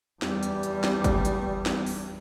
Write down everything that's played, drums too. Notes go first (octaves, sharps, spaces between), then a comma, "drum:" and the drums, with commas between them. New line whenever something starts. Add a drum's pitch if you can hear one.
E2 G3, drum: snare
drum: hi-hat
drum: hi-hat
drum: snare
drum: kick G1, hi-hat
drum: hi-hat
drum: snare
drum: open hi-hat